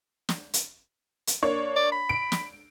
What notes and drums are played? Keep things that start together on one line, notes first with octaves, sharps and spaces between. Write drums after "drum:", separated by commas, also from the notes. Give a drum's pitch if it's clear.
drum: snare
drum: hi-hat
drum: hi-hat
A#3 D4 C#5
D5
B5
D7
drum: snare